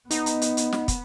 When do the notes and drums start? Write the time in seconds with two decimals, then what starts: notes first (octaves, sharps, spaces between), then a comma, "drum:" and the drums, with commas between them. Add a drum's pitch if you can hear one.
0.11 B3 D#4, drum: hi-hat
0.26 drum: hi-hat
0.42 drum: hi-hat
0.57 drum: hi-hat
0.72 drum: snare
0.88 drum: kick, hi-hat